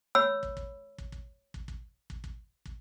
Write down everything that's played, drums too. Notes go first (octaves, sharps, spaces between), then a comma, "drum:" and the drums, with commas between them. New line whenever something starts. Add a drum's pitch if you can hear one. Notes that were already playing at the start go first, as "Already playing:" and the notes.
C#5 B5 E6
drum: kick
drum: kick
drum: kick
drum: kick
drum: kick
drum: kick
drum: kick
drum: kick
drum: kick